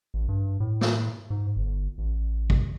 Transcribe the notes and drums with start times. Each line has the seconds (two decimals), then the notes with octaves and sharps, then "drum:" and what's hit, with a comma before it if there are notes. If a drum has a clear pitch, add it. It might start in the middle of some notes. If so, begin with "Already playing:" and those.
0.14 A1
0.29 G2
0.60 A2
0.81 drum: snare
1.30 G#2
1.56 G1
1.98 A1
2.50 drum: kick